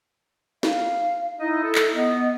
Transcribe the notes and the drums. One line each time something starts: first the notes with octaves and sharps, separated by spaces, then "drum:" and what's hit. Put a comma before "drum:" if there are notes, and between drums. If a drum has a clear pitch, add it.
F5, drum: snare
D#4 E4 D#5
A4
drum: clap
B3 D#5